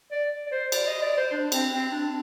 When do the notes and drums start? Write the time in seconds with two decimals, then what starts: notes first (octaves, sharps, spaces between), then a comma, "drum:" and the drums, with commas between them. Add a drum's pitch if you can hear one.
0.12 D5
0.47 D5
0.52 C5
0.72 D5, drum: cymbal
0.87 D#5
1.02 D5
1.13 D5
1.17 C5
1.32 D4
1.52 C4, drum: cymbal
1.72 C4
1.91 D4